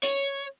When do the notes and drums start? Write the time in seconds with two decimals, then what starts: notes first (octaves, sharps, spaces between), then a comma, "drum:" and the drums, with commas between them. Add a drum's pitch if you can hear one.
0.03 C#5, drum: hi-hat